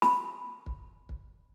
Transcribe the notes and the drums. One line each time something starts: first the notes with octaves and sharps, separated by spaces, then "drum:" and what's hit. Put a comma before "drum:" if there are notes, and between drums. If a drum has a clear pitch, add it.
B5, drum: snare
drum: kick
drum: kick